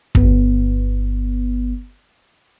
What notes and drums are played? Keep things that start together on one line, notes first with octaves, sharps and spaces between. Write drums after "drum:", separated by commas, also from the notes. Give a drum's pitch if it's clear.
G1 B3, drum: kick